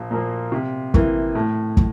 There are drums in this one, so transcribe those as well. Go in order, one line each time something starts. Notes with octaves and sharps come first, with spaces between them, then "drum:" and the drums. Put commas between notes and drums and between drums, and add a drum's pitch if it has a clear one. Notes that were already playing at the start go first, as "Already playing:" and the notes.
Already playing: A#1
A#2 F3 A#3
C3
E3 A#3, drum: kick
A2
drum: kick